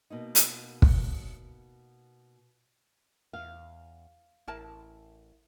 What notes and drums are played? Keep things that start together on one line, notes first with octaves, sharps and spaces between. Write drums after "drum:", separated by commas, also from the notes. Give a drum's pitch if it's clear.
B2 A#3 D#4
drum: hi-hat
drum: kick
E2 F5
A1 E4 A#4 A5